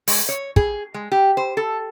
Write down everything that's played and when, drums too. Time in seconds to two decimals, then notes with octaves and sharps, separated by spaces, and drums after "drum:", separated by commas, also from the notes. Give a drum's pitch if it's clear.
0.08 G#3, drum: open hi-hat
0.29 C#5
0.56 G#4, drum: kick
0.94 G#3
1.12 G4
1.37 C5
1.57 A4